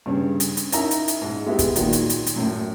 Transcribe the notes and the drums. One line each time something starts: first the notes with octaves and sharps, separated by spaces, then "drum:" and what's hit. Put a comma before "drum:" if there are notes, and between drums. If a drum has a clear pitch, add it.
G2 C#3 C#4
drum: hi-hat
drum: hi-hat
C#4 D#4 E4 A#4 E5 A#5, drum: hi-hat
drum: hi-hat
drum: hi-hat
G#2
G#3 B3 E4 G4
drum: kick, hi-hat
A#2 D#3 F#3, drum: hi-hat
drum: hi-hat
drum: hi-hat
drum: hi-hat
F#2 A2